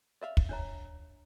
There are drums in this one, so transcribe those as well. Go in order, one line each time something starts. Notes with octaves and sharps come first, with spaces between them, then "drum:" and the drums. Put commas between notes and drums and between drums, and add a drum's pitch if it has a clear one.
D5 E5 F5
drum: kick
D4 C#5 A#5